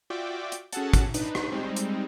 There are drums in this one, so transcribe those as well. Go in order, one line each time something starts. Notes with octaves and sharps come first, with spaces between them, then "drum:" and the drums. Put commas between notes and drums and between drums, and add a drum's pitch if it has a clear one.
F4 F#4 D5 E5 G5 D6
drum: hi-hat
C#4 F#4 G#4 A4 F#5 A5, drum: hi-hat
drum: kick, hi-hat
D4 D#4 B4, drum: hi-hat
drum: rim click
G3 G#3 C4 D#4
drum: hi-hat